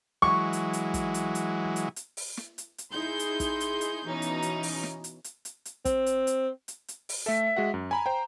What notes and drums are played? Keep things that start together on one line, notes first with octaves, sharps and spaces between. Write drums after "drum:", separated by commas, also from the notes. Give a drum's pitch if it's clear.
E3 F#3 G#3 C#6
drum: hi-hat
drum: hi-hat
drum: kick, hi-hat
drum: hi-hat
drum: hi-hat
drum: hi-hat
drum: hi-hat
drum: open hi-hat
drum: snare
drum: hi-hat
drum: hi-hat
D#4 E4 G#4 C6 G6
drum: hi-hat
drum: kick, hi-hat
drum: hi-hat
drum: hi-hat
B2 E3 C#4 D#4
drum: hi-hat
drum: hi-hat
drum: open hi-hat
drum: snare
drum: hi-hat
drum: hi-hat
drum: hi-hat
drum: hi-hat
C4, drum: kick, hi-hat
drum: hi-hat
drum: hi-hat
drum: hi-hat
drum: hi-hat
drum: open hi-hat
A3 A4 E5
G#3 F#4 F#5
F#2
G#5 A#5 B5
C5 G5